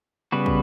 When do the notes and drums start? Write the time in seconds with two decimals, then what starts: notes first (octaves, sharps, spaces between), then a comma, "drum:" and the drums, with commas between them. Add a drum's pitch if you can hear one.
0.32 C#3 G3 B3 F#4 B4
0.46 drum: kick